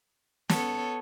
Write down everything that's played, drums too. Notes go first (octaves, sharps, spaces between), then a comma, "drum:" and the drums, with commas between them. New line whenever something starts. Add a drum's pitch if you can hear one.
B3 A4 C#5 A5, drum: snare